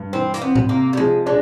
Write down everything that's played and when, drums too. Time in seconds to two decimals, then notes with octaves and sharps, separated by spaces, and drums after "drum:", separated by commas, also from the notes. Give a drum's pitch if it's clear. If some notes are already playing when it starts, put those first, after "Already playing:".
Already playing: G2
0.13 E3 C4
0.34 A#3, drum: hi-hat
0.41 B3 C4
0.55 drum: tom G#2
0.69 C3 A#3
0.93 G3
0.97 F3 G#3
1.26 G#3 D4